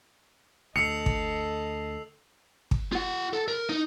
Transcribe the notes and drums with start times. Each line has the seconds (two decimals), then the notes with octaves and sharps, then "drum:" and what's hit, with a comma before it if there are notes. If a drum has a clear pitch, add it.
0.76 D2 A4 D#5 E6 C7 C#7 F7
1.06 drum: kick
2.71 drum: kick
2.93 F4 F#5
3.33 A4
3.48 A#4
3.69 D#4